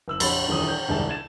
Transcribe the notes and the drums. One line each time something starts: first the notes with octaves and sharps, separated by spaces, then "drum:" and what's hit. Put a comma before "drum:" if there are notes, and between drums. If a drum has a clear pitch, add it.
F#1 E6 F#7
A#1 F2 C#5 B5 C6 A6, drum: cymbal
D#1 A#1 A#2 E3 D#6
G6
D#1 C2 G#2 G#3 A5
G#6 A6 E7